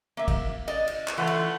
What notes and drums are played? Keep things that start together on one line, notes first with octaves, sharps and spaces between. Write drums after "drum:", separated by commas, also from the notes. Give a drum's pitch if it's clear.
A#3 E5
drum: kick, cymbal
D5 D#5, drum: cymbal
drum: cymbal
drum: clap
E3 A3 F4 F#5
drum: cymbal